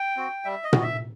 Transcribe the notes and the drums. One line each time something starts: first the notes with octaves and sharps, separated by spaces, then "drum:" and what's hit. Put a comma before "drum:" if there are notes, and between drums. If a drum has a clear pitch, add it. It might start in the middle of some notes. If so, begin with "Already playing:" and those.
Already playing: G5
C4 F#4
G3 E5
D#5
B3 F#4, drum: tom A#2
E5